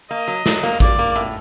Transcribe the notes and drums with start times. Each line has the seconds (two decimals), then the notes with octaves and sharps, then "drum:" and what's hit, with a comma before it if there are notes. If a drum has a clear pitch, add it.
0.11 A#3 D#5
0.28 F#3
0.46 F#3, drum: snare
0.63 A#3
0.80 A#3 D5, drum: kick A1
0.99 A#3
1.16 A2